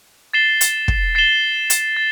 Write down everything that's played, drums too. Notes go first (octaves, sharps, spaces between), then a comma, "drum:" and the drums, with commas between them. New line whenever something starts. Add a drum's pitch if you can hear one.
A6 C7 E7 G7
drum: hi-hat
drum: kick
A6 C7 E7 G7
drum: hi-hat
A6